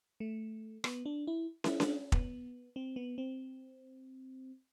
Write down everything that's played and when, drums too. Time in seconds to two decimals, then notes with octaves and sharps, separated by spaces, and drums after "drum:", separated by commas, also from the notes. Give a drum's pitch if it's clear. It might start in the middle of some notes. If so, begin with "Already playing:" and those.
0.20 A3
0.84 B3, drum: rim click
1.06 D4
1.27 E4
1.64 E4, drum: snare
1.80 D4, drum: snare
2.12 B3, drum: kick
2.76 C4
2.96 B3
3.18 C4